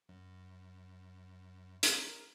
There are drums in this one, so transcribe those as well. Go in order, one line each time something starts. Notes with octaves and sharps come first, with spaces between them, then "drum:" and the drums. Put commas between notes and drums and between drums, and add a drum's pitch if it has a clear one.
F#2
A#4, drum: hi-hat